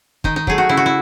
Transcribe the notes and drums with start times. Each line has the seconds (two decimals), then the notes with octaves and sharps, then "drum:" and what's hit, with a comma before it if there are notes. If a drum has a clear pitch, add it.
0.24 D#3 D#4, drum: kick
0.36 D#4
0.47 F#3 A3 G#4, drum: kick
0.58 F#4
0.69 C#3 E4
0.77 F#4
0.86 E4